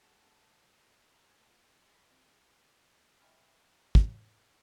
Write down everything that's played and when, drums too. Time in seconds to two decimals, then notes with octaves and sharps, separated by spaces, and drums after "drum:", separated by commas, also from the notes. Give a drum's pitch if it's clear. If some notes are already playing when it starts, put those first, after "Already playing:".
0.01 A3 F#4 G#4 A4
1.14 A#5
1.27 G#5
1.39 A5
1.51 F4
1.64 G5
1.81 G#3
1.94 B5
2.11 C4
2.24 G#4
3.21 D#5 E5 G5 G#5 B5 F6
3.95 drum: kick